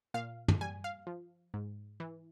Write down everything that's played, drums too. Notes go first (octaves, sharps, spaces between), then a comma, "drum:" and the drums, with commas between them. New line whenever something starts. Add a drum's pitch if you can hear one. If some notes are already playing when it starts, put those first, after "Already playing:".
A#2 F5
drum: tom
G3 G#5
F5
F3
G#2
E3